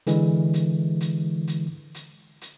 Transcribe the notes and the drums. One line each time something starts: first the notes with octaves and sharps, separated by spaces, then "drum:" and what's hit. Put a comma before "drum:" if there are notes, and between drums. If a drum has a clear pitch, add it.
D3 E3 G#3, drum: hi-hat
drum: hi-hat
drum: hi-hat
drum: hi-hat
drum: hi-hat
drum: hi-hat